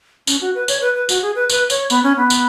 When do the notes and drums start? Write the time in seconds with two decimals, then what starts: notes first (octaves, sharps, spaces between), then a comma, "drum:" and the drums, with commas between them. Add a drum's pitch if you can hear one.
0.27 C#4, drum: tambourine
0.41 F#4
0.55 B4
0.68 C#5, drum: tambourine
0.81 B4
0.95 B4
1.09 F#4, drum: tambourine
1.22 G#4
1.35 B4
1.50 B4, drum: tambourine
1.70 C#5, drum: tambourine
1.90 B3, drum: tambourine
2.03 C#4
2.17 B3
2.30 drum: tambourine